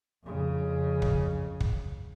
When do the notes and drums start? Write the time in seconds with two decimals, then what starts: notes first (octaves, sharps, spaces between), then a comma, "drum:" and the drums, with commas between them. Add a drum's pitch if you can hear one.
0.24 F2 C#3
1.02 drum: kick
1.60 drum: kick